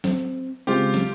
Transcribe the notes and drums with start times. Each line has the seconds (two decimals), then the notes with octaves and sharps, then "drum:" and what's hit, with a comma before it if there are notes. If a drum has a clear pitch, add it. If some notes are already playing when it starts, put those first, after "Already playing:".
0.04 C4, drum: snare
0.67 C#3 G#3 C4 F4 G4
0.94 drum: snare